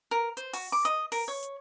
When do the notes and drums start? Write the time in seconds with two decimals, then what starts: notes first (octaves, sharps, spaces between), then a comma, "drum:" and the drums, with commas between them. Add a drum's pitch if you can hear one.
0.11 A#4
0.37 C5, drum: hi-hat
0.53 F#4, drum: open hi-hat
0.72 D6
0.85 D#5, drum: hi-hat
1.12 A#4, drum: open hi-hat
1.28 C#5
1.43 drum: hi-hat